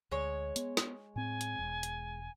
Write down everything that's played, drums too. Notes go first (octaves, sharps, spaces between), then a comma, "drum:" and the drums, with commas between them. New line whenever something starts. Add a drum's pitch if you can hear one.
D2 G#3 C#5
B3, drum: hi-hat
drum: snare
A2 C4 G#5
drum: hi-hat
E1
drum: hi-hat